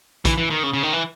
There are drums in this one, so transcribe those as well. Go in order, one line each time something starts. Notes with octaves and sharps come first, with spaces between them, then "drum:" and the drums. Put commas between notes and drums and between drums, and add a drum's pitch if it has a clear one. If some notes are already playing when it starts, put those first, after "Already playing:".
E3, drum: kick, hi-hat
E3
D#3
C#3
C#3
D#3
E3